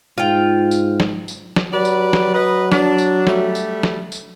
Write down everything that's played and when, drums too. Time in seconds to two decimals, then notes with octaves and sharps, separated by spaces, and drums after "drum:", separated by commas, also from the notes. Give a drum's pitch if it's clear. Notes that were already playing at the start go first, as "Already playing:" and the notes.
0.18 G#2 F4 G5
0.71 drum: tambourine
1.00 drum: snare
1.28 drum: tambourine
1.56 drum: snare
1.73 F#3 G4 B4 D5
1.85 drum: tambourine
2.13 drum: snare
2.33 B4 D#5
2.72 D4, drum: snare
2.98 drum: tambourine
3.27 G3 A3, drum: snare
3.55 drum: tambourine
3.83 drum: snare
4.12 drum: tambourine